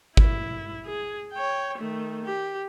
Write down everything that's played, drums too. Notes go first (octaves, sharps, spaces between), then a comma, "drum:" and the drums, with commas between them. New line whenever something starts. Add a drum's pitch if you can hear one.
E4, drum: kick G#1
G#4
C#5 G5
D#3 A3
G4